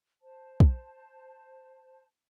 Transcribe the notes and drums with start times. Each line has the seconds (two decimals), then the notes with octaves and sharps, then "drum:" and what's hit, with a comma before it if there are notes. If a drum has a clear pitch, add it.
0.22 C5 A5
0.60 drum: kick